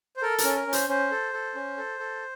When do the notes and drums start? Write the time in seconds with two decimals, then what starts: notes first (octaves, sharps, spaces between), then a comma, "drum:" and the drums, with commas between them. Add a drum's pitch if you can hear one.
0.17 C5
0.22 A4 A#4
0.38 A#4, drum: hi-hat
0.44 C#4 A4
0.55 A#4
0.67 C#4
0.73 C5, drum: hi-hat
0.88 C#4 C5
1.11 A4
1.33 A4
1.55 C#4
1.77 A4
1.99 A4